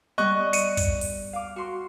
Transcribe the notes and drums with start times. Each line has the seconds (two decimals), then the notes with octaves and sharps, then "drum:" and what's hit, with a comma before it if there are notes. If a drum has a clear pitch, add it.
0.18 G3 B3 D#5 C#6 F#6
0.53 C#7 D#7, drum: hi-hat
0.77 drum: kick, hi-hat
1.01 drum: open hi-hat
1.33 F5 D6
1.56 F#4 C6